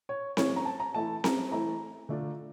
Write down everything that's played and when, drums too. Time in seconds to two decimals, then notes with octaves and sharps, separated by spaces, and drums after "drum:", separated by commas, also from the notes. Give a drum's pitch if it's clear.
0.09 C#5
0.37 E3 A3 C#4 C#5, drum: snare C4
0.56 A#5
0.65 A5
0.80 A#5
0.94 E3 A3 E4 A5
1.24 A#5, drum: snare C4
1.52 E3 A3 E4 A#5
2.09 D3 A3 D4 F4